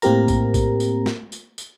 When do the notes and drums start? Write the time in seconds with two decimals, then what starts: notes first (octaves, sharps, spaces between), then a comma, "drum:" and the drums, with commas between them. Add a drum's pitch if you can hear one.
0.02 A2 A#3 C4 G4 A#4 A#5, drum: tambourine
0.28 drum: kick A#1, tambourine
0.54 drum: kick A#1, tambourine
0.80 drum: tambourine
1.06 drum: snare
1.32 drum: tambourine
1.58 drum: tambourine